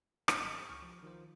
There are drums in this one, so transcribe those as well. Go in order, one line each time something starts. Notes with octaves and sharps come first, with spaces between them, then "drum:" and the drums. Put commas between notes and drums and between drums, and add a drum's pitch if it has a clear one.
G#1 D#5, drum: rim click
G4 G5 C#6
C#2 C#6 F6
F3
D#3 F3 F4 C5